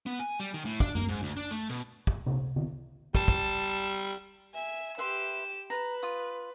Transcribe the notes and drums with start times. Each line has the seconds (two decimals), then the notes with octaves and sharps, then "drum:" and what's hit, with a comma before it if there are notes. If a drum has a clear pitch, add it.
0.06 B3
0.19 G#5
0.40 G3
0.54 D#3
0.65 A2
0.80 D4, drum: kick
0.95 A#3, drum: tom F#2
1.09 G#2
1.23 D2
1.37 D4
1.51 A3
1.69 B2
2.07 drum: kick
2.26 drum: tom C3
2.56 drum: tom D3
3.15 G3 A5, drum: kick
3.28 drum: kick
4.54 E5 G#5
4.98 G4 B4 E5 C6 E7
5.70 B4 A#5
6.03 F4 D#6